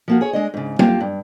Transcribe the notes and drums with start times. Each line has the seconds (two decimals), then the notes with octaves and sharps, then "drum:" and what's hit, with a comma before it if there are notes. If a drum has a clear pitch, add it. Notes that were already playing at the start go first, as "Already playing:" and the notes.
0.08 F3 A#3 F#4
0.21 G#4 C#5
0.33 G#3 D4 D#5
0.54 G#2 C#3
0.79 A#3 F4 G4 A5, drum: tom F#3
1.00 G2